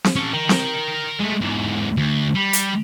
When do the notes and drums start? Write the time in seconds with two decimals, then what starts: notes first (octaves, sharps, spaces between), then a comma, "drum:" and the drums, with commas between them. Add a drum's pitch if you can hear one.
0.04 drum: snare C4
0.16 C#4 A4
0.33 A#4 G5
0.49 drum: snare C4
1.20 G#3 A3
1.41 E2 G#2
1.97 D2
2.35 G3
2.53 drum: hi-hat